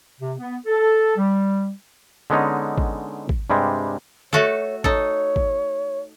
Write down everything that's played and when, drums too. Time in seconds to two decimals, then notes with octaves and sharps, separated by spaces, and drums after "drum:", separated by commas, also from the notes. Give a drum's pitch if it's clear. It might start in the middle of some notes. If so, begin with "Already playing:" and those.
0.19 C3
0.39 B3
0.66 A4
1.17 G3
2.30 D3 G#3 B3 C#4 D#4
2.78 drum: kick G#1
3.29 drum: kick G#1
3.50 G2 C3 G3 G#3
4.33 A3 F#4 A4 C#5
4.84 D#4 A4 C#5, drum: kick G#1
5.36 drum: kick G#1